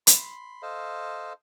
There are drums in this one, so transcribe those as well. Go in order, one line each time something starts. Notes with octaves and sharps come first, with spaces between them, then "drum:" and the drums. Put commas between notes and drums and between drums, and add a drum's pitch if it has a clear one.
B5 C6, drum: hi-hat
A4 C5 D#5 F5